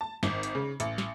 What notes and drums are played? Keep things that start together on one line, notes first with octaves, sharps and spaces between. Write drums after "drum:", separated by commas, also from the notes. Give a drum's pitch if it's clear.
A5
G#1, drum: snare
drum: hi-hat
C#3
A1, drum: hi-hat
drum: snare